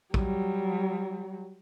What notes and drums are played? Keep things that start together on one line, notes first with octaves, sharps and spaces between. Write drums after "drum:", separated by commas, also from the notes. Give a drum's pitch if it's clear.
F#3 G3, drum: kick